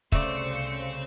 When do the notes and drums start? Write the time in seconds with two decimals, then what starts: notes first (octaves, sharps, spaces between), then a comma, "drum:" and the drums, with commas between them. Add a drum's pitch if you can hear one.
0.12 C2 C#3 A3 C4 C5 D5 C#7, drum: kick